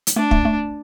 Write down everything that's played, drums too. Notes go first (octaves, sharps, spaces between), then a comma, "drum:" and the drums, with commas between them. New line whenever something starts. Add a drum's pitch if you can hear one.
drum: hi-hat
A3 D4
A3, drum: kick
A3